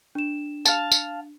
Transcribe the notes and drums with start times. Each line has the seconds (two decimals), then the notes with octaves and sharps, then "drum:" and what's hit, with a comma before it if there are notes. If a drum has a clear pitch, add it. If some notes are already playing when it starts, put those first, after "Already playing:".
0.15 D4 E7
0.65 F5 A5, drum: tambourine
0.92 drum: tambourine